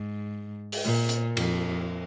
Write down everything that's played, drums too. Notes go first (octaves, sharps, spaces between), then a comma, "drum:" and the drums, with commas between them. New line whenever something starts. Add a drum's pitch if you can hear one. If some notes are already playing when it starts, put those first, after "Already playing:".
Already playing: G#2
drum: open hi-hat
A#2
drum: hi-hat
F2, drum: cymbal